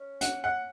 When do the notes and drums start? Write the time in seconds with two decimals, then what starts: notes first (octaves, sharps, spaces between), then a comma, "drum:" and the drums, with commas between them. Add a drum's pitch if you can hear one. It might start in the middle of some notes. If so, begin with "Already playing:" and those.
Already playing: C#4
0.21 F#5, drum: hi-hat
0.44 F#5